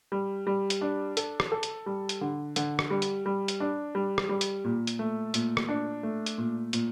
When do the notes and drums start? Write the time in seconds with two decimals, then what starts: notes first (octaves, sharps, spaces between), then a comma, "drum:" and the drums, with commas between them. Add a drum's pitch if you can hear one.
0.12 G3
0.47 G3
0.70 drum: hi-hat
0.81 D4
1.17 A4, drum: hi-hat
1.40 drum: rim click
1.52 A4
1.63 drum: hi-hat
1.86 G3
2.09 drum: hi-hat
2.21 D3
2.56 D3, drum: hi-hat
2.79 drum: rim click
2.90 G3
3.02 drum: hi-hat
3.26 G3
3.48 drum: hi-hat
3.60 D4
3.95 G3
4.18 drum: rim click
4.29 G3
4.41 drum: hi-hat
4.64 A#2
4.87 drum: hi-hat
4.99 A3
5.34 A#2, drum: hi-hat
5.57 drum: rim click
5.69 D4
6.03 A3
6.26 drum: hi-hat
6.38 A#2
6.73 A#2, drum: hi-hat